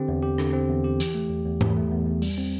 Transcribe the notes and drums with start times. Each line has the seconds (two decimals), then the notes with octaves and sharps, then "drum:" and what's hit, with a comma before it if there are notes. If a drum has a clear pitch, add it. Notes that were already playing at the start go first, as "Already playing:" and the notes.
Already playing: D3 C4 G4
0.08 E2
0.23 G4
0.38 D3, drum: rim click
0.53 C4
0.70 E2
0.84 G4
1.00 E3, drum: hi-hat
1.14 A3
1.30 E2
1.45 E2
1.61 E3, drum: tom G#2
1.77 A3
1.92 E2
2.06 E2
2.22 G3, drum: open hi-hat
2.38 C4